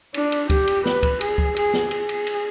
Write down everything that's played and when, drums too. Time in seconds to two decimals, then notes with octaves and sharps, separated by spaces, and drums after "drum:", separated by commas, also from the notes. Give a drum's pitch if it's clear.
0.14 D4, drum: cymbal
0.32 drum: cymbal
0.50 G4, drum: kick C#2, cymbal
0.67 drum: cymbal
0.86 B4, drum: snare
1.03 drum: kick C#2, cymbal
1.21 G#4, drum: cymbal
1.38 drum: kick C#2
1.56 G#4, drum: cymbal
1.74 drum: snare
1.91 G#4, drum: cymbal
2.09 drum: cymbal
2.27 drum: cymbal